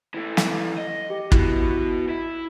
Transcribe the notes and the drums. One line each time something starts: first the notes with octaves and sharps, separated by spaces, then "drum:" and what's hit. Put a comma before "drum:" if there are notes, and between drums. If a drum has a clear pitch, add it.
E3 A3
drum: snare
D#5
G4
B3 E4 F#4, drum: kick
E4